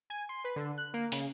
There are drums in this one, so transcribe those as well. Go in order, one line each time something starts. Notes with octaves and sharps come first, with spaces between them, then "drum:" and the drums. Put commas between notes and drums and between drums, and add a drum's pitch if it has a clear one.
G#5
C6
B4
D3
F#6
A#3
C#3, drum: open hi-hat